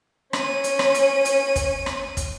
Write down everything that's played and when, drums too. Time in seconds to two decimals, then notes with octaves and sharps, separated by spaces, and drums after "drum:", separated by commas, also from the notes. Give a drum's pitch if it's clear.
0.33 C#4 D#7, drum: rim click
0.64 drum: hi-hat
0.79 drum: rim click
0.94 drum: hi-hat
1.25 drum: hi-hat
1.56 drum: kick, hi-hat
1.86 drum: rim click
2.17 drum: kick, hi-hat